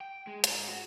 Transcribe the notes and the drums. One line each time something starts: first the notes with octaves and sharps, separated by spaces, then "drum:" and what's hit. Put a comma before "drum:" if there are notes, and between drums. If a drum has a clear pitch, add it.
G5
G#3
G#2, drum: hi-hat
F#4